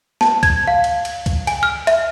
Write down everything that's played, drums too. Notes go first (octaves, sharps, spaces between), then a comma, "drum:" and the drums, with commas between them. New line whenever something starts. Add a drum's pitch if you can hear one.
A5, drum: snare
G#6, drum: kick C#2, cymbal
F5
drum: cymbal
drum: cymbal
drum: kick C#2, cymbal
G#5, drum: cymbal
F6
E5, drum: cymbal